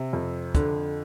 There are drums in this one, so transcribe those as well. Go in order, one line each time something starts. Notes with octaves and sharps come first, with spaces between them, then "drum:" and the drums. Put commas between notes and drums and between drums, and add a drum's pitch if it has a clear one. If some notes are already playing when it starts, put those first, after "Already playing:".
Already playing: C3
F2
D3, drum: kick, hi-hat